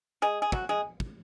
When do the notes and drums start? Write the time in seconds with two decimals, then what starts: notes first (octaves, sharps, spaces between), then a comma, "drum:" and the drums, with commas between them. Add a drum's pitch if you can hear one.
0.22 G#3 G#4
0.42 G#4
0.52 F#3 F#4, drum: kick
0.69 G#3 G#4
1.00 drum: kick